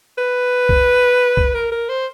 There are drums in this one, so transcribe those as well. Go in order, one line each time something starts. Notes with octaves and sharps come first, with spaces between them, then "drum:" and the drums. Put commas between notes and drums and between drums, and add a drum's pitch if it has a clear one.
B4
drum: kick C2
drum: kick C2
A#4
A#4
C5